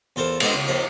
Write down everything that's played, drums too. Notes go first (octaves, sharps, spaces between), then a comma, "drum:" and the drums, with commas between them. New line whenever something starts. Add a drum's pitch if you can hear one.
E2 F4 A4 A#4 C5
G#3 B3 D4 A4 C5 D#5, drum: cymbal
C#2
D#2 F3 A#4 B5